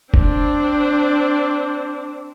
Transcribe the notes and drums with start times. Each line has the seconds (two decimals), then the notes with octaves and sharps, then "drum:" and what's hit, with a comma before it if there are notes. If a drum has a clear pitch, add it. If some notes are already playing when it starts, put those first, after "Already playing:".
0.14 C4 D4, drum: kick F1